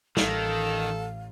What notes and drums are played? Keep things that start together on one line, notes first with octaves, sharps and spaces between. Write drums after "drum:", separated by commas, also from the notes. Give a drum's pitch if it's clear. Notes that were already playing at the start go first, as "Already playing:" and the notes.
A1 D#3 A4 F5, drum: snare